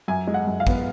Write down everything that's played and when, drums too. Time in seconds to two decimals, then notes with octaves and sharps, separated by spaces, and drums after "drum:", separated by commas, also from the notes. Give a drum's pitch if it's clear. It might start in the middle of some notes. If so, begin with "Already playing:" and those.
0.08 F#2 G#5
0.27 G#3
0.34 F#5
0.47 F#2
0.60 F5
0.67 B3, drum: kick